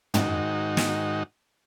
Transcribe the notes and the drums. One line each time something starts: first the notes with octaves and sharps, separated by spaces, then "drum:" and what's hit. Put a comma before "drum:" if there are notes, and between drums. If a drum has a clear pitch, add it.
G#2 D#3 D#4 F#4, drum: tom
drum: snare